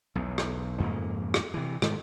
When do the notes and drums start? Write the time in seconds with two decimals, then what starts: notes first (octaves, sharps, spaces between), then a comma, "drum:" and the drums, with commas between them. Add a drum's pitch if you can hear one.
0.15 B1 E2
0.38 drum: rim click
0.80 F2 G#2 C#3 A#3
1.34 drum: rim click
1.54 C3 E3
1.82 G#2 D#3 G#3, drum: rim click